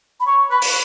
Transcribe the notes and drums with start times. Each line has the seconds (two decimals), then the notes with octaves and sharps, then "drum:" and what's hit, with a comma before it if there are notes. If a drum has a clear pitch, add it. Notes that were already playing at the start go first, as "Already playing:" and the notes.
0.20 B5
0.26 C#5 C#6
0.51 B4 B5
0.62 drum: open hi-hat